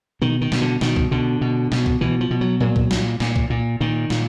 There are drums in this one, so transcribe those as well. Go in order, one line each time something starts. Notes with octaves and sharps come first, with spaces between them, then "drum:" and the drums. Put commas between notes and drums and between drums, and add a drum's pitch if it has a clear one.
B2 D#3
D#3
B2, drum: snare
D3
B2 D#3, drum: snare
drum: kick B1
B2 D3
B2
B2, drum: snare
drum: kick B1
B2 E3
F3
B2
F#3
A#2 F#3
drum: kick B1
A#2, drum: snare
A#2, drum: snare
drum: kick B1
A#2
A#2 D#3
A#2, drum: snare